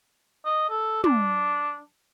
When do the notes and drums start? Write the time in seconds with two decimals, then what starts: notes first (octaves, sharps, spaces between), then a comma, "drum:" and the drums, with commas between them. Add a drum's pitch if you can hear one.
0.45 D#5
0.70 A4
1.04 D4, drum: tom